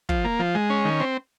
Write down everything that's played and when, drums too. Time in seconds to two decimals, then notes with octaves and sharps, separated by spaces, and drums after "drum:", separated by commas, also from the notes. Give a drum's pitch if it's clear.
0.09 F3, drum: kick
0.25 A#3
0.40 F3
0.55 G#3
0.70 C#4
0.85 D#3
1.00 C4